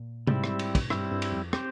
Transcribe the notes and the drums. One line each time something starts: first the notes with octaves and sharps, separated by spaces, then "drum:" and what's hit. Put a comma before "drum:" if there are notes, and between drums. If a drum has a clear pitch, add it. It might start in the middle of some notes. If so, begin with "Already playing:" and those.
Already playing: A#2
G#2 G3 C4 E4, drum: tom C3
drum: rim click
drum: cymbal
drum: kick, cymbal
G2 G3 C4 E4, drum: rim click
G2
drum: cymbal
F2
C4 G4 C5, drum: rim click